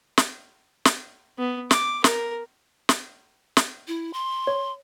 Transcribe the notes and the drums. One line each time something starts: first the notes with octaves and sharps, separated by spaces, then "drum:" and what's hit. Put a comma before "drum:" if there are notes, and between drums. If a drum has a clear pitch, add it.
drum: snare
drum: snare
B3
D6, drum: snare
A#4, drum: snare
drum: snare
drum: snare
E4
C6
C#5